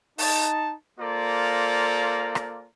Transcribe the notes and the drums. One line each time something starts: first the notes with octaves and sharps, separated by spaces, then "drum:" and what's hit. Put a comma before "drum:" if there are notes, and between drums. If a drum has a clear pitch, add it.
D#4 A5, drum: open hi-hat
A#3 F4 A4 C5 D5 A#5
drum: rim click